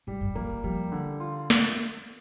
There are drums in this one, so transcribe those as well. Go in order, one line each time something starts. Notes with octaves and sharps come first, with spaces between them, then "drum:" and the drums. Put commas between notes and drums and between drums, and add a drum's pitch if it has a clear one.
G#2 G3
G2
F3 A#3
D#3
F3 G3
D3
F4
drum: snare